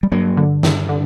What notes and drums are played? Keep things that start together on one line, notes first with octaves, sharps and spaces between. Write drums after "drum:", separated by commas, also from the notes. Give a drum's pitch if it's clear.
G3
G2 F#3 A#3
D3
G2, drum: snare
D3